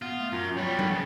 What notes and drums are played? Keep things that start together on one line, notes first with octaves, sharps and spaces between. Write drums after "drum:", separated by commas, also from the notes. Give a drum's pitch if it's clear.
B3 F4
A3
F#2 F4
G3 B3 C#5
drum: tom F#3
C#3